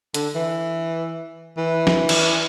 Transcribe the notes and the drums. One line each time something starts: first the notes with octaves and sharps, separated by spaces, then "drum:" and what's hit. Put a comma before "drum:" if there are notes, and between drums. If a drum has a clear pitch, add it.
D3, drum: hi-hat
E3
E3
drum: snare
drum: cymbal